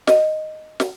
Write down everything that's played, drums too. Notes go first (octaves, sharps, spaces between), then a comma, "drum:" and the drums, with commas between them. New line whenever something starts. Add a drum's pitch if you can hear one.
D#5, drum: snare
drum: snare